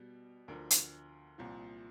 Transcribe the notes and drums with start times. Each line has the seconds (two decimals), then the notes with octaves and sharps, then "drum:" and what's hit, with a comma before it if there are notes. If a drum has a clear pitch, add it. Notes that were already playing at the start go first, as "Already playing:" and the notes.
Already playing: B2 G3
0.48 D2 D3 F3 A#4
0.70 drum: hi-hat
1.38 C2 A#2 F3